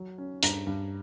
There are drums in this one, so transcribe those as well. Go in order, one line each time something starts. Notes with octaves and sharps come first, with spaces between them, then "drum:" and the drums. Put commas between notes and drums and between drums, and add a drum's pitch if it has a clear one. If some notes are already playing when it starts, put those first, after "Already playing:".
Already playing: F#3
C#4
G2 A#5, drum: hi-hat
G2